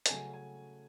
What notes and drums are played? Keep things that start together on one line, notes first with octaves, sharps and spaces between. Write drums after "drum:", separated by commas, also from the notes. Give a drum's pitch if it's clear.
A5, drum: hi-hat
C#3 F#3 A3 C#4 F#4 G#5
G#5